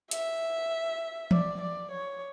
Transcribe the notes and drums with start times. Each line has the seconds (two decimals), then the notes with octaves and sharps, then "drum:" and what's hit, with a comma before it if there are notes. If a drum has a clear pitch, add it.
0.11 E5, drum: hi-hat
1.31 D5, drum: tom E3
1.61 D5
1.91 C#5